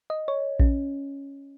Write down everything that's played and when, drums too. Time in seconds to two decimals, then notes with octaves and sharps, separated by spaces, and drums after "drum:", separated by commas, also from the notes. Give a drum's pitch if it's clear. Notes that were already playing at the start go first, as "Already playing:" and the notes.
0.10 D#5
0.28 C#5
0.60 C#4, drum: kick A#1